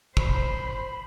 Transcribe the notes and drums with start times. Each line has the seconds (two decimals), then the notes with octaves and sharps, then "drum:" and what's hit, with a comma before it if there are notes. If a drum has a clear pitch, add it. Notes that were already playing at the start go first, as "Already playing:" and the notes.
0.17 C5 B5, drum: kick